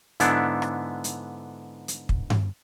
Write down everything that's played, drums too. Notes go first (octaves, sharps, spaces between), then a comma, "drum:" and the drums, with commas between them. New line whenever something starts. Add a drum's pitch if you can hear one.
G#2 D3 B3 D4 E4, drum: hi-hat
drum: rim click
drum: hi-hat
drum: hi-hat
drum: kick
drum: tom G2